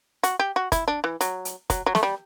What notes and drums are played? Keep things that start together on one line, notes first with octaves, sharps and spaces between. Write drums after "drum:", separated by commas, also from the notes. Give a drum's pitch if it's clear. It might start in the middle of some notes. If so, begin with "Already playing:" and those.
F#4, drum: hi-hat
G4
F#4
E4, drum: kick, hi-hat
D4
E3
F#3, drum: hi-hat
drum: hi-hat
F#3, drum: kick, hi-hat
F#3
A3, drum: snare
G3